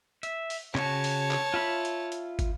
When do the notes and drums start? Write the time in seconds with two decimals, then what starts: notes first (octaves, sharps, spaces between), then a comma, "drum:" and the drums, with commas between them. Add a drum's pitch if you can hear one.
0.23 E5, drum: hi-hat
0.50 drum: open hi-hat
0.75 C#3 F#4 C#5 A5, drum: clap
1.04 drum: open hi-hat
1.31 drum: clap
1.54 F4 E5 B5
1.85 drum: hi-hat
2.12 drum: hi-hat
2.39 drum: kick, hi-hat